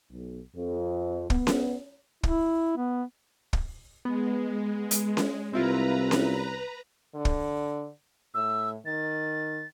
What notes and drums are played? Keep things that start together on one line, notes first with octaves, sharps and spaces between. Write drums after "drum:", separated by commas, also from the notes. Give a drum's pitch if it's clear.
B1
F2
B3, drum: kick
drum: snare C#4
E4, drum: kick
B3
drum: kick
G#3 B3
drum: hi-hat
drum: snare C#4
C2 C4 E4 F4 B4 A#5
drum: snare C#4
D3
drum: kick
A2 E6
D#3 A6